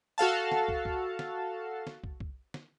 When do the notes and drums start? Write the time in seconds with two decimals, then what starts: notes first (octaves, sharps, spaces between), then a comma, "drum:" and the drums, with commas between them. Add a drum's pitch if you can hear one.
0.18 F#4 A4 F5 A5
0.52 drum: snare
0.68 drum: kick
0.85 drum: kick
1.19 drum: snare
1.87 drum: snare
2.04 drum: kick
2.20 drum: kick
2.54 drum: snare